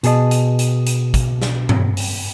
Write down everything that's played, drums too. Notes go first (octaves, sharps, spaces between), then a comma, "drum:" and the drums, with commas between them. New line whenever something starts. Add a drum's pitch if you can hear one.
B2 G#4 A4 D#5 A5, drum: hi-hat
drum: hi-hat
drum: hi-hat
drum: hi-hat
drum: kick, hi-hat
drum: snare
drum: tom G2
drum: open hi-hat